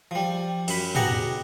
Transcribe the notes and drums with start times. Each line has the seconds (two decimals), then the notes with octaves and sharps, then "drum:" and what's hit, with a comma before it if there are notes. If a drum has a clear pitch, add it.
0.11 F3 G3
0.68 F#2 B5, drum: cymbal
0.95 B2 G4 G#4 F#5 A#5, drum: tom